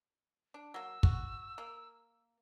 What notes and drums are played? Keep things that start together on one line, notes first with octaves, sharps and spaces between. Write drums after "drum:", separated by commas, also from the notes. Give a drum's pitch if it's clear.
D4
F#3 A#3 E6
F#4, drum: kick
A#3